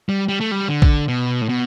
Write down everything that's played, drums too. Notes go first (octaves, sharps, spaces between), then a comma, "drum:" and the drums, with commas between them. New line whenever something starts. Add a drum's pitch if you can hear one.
G3
G3
A3
G3
D3
drum: kick A1
B2
A2
B2